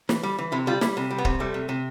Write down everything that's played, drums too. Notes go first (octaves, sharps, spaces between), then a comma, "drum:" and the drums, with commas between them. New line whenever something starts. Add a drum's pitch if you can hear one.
E3, drum: snare
G3
E3
C3 E4
G3 F4
G3 E4, drum: snare
C3
G3
B3
C3, drum: kick
G3 A3
C3
C3